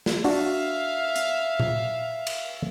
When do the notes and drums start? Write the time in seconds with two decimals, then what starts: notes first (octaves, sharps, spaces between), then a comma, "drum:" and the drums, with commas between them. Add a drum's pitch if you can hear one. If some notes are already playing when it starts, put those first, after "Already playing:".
0.06 drum: snare
0.24 D4 F#4 E5 F5, drum: open hi-hat
1.16 drum: hi-hat
1.59 drum: tom A#2
2.27 drum: cymbal